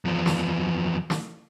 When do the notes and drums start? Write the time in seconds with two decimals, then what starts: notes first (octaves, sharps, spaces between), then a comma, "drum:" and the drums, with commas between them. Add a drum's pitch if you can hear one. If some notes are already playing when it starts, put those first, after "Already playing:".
0.05 E2 F3
0.26 drum: snare
1.10 drum: snare